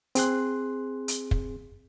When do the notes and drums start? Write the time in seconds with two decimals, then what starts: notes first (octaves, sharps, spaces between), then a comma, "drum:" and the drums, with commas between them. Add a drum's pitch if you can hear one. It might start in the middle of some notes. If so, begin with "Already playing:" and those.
0.15 C4 G#4 C6 F#6, drum: hi-hat
1.08 drum: hi-hat
1.31 drum: kick